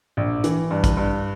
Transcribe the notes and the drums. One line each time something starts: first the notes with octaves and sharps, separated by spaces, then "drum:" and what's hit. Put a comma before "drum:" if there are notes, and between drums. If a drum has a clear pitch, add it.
A#1
E3, drum: hi-hat
G2
drum: kick, hi-hat
G2